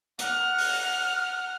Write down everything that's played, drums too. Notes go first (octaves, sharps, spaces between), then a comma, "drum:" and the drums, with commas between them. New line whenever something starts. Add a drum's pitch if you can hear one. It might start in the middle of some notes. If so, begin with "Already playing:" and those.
F#5 F6, drum: hi-hat
drum: open hi-hat